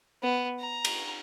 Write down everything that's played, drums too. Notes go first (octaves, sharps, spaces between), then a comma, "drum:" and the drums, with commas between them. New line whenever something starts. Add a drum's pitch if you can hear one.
B3
A#5
drum: cymbal